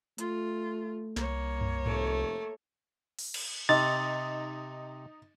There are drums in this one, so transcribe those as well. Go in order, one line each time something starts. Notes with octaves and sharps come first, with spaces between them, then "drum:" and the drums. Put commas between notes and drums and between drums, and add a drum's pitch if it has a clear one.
A3 F4, drum: hi-hat
C2 A#3 C#5, drum: snare
drum: tom F#2
F1 A3, drum: tom G#2
drum: open hi-hat
drum: cymbal
C3 D#4 A6